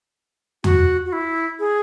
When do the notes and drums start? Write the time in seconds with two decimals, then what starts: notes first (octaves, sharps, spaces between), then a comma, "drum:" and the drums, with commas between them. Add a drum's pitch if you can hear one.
0.64 F#4, drum: tom E2
1.06 F#4
1.13 E4
1.59 G#4